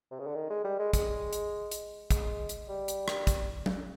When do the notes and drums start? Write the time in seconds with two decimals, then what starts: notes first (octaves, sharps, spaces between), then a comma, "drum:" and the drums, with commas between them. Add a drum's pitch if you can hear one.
0.11 C3
0.19 C#3
0.27 D3
0.35 D#3
0.50 G#3
0.64 G3
0.79 G#3
0.93 G#3, drum: kick, hi-hat
1.33 drum: hi-hat
1.71 drum: hi-hat
2.11 G#3, drum: kick, hi-hat
2.49 drum: hi-hat
2.69 G3
2.88 drum: hi-hat
3.08 drum: rim click
3.27 drum: kick, hi-hat
3.66 drum: tom F#3